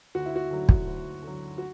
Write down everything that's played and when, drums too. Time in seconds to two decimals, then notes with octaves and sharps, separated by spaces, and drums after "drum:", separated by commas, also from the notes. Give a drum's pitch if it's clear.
0.15 D2 F#4
0.26 E4
0.36 F#4
0.51 D3 F#3
0.69 drum: kick
0.86 D2
1.22 D3
1.27 F#3
1.58 F#4